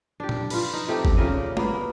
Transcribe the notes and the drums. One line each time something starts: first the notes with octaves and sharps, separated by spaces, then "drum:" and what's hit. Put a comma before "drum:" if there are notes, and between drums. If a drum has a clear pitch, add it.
D4 G4
drum: tom A#2
F4 B4, drum: cymbal
D#4
C3 A3 D#4 G4
drum: kick
A#2 C#3 A#3 D#5
A#3 B3, drum: tom G#3